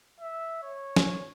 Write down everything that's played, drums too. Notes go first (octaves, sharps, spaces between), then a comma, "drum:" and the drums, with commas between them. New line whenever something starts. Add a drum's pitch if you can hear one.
E5
C#5
drum: snare